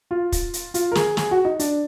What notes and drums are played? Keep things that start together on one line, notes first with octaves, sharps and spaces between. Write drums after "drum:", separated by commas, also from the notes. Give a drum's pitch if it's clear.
F4
drum: kick, hi-hat
drum: hi-hat
F4, drum: hi-hat
A#4
G#4, drum: snare
G#4, drum: snare
F#4
D#4
D4, drum: hi-hat